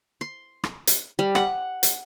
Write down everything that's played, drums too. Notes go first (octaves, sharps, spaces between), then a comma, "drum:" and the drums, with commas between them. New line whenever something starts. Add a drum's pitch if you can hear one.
C6
drum: rim click
drum: hi-hat
G3
F#5, drum: rim click
drum: hi-hat